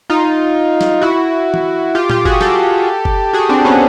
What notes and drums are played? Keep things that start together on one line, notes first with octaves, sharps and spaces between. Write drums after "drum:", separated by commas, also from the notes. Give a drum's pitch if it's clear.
D#4 F4
drum: snare
E4 F#4
drum: tom
F4 G4
F4 G4, drum: tom A#2
F#4 G#4, drum: kick
G4 A4, drum: snare
drum: kick
F#4 G#4
C4 D4
B3 C#4